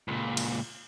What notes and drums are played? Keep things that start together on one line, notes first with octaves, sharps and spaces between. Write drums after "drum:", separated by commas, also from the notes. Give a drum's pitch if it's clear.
C#2 A#2
drum: cymbal